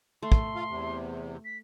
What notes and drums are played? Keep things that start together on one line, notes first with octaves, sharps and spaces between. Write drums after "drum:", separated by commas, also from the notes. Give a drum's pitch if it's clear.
A3 C6
drum: kick
F4 F5
E2 C3
B6